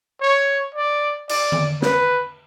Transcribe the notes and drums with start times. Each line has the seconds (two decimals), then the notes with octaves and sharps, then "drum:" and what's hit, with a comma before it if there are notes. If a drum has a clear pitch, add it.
0.21 C#5
0.75 D5
1.29 D5, drum: cymbal
1.52 drum: tom D3
1.82 B4, drum: snare